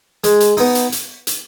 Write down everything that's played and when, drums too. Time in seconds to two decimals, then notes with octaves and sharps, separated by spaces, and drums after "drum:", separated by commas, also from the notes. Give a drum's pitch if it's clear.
0.24 G#3, drum: hi-hat
0.40 drum: hi-hat
0.57 B3 D#4, drum: open hi-hat
0.75 drum: hi-hat
0.92 drum: hi-hat
1.27 drum: hi-hat